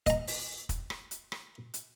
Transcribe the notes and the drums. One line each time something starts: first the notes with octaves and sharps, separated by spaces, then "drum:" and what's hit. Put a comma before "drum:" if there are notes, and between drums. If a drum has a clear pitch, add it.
D#5 A#5, drum: kick, hi-hat
drum: open hi-hat
drum: kick, hi-hat
drum: rim click
drum: hi-hat
drum: rim click
drum: hi-hat